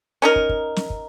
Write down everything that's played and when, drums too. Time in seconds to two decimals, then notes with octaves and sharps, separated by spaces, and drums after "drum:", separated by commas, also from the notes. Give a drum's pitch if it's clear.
0.22 C#4 D#4 A#4
0.36 drum: kick
0.49 drum: kick
0.76 drum: snare
0.90 drum: kick